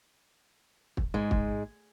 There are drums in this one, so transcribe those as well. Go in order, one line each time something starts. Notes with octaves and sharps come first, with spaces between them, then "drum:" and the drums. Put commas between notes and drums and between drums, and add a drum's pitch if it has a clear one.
drum: kick
G#2 G#3
drum: kick